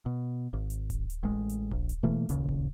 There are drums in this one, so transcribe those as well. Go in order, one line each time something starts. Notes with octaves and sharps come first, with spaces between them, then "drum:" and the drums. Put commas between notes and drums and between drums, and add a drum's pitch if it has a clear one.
B2
G#1
drum: hi-hat
drum: kick D1, hi-hat
drum: hi-hat
A1 G#3
drum: hi-hat
A#1, drum: kick D1
drum: hi-hat
B2 E3 A3 A#3
D1 A#1 D#2 C#3, drum: hi-hat
drum: kick D1